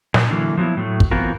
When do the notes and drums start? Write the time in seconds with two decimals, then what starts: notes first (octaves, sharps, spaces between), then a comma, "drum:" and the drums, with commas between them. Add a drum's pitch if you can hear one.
0.14 A#2, drum: snare
0.30 D3 E3 F#3 A#3 E4
0.57 F3 F#3 B3 E4
0.77 A2 F#3 A3
1.00 drum: kick
1.11 E3 B3 C4 F4 F#4 A#4